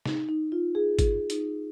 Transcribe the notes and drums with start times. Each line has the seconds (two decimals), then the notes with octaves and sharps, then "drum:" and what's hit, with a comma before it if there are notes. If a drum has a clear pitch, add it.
0.06 D#4, drum: snare
0.29 D#4
0.52 F4
0.75 G#4
0.99 G#4, drum: kick G#1, hi-hat
1.30 D#4, drum: hi-hat